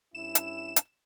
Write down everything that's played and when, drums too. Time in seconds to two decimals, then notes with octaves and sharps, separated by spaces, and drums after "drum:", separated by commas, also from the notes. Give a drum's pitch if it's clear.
0.15 G2 C#4 E4 E7
0.35 drum: hi-hat
0.76 drum: hi-hat